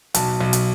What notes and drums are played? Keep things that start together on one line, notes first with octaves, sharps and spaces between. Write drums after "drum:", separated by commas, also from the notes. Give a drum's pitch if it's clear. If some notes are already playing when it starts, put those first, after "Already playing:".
B1 A5, drum: hi-hat
B1
drum: hi-hat